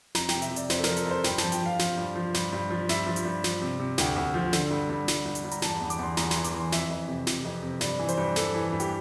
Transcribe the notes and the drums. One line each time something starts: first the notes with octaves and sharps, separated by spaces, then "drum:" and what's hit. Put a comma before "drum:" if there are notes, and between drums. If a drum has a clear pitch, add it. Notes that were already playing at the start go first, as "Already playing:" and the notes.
F2 A#5, drum: snare
G5, drum: snare
C3
E5, drum: hi-hat
C3
D5, drum: hi-hat
F2 C5, drum: snare
A4
F3 A#4, drum: snare
A4, drum: hi-hat
F2 C5
G2 G5, drum: snare
A5, drum: snare
F3
G5, drum: hi-hat
F3 F5
F3, drum: snare
G2
F3
G2, drum: snare
G2
F3
G2 E5, drum: snare
F3
drum: hi-hat
G2
F3, drum: snare
C3
C3
D2 G5, drum: snare
D2
F3
D3, drum: snare
G2
G2
G2, drum: snare
G2
drum: hi-hat
G2
A#5, drum: hi-hat
E2 A5, drum: snare
E2
D6, drum: hi-hat
E2 C6
E2 A#5, drum: snare
C6, drum: snare
E3
D6, drum: hi-hat
E3 C6
F2 E5, drum: snare
F2
C3
C3, drum: snare
F2
C3
G2 D5, drum: snare
E3
C5, drum: hi-hat
G2
G2 A4, drum: snare
E3
G2
G4, drum: hi-hat